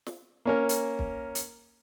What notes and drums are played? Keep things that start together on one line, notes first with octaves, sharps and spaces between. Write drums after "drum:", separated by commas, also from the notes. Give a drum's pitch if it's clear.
drum: snare
A#3 C#4 A#4
drum: hi-hat
drum: kick
drum: hi-hat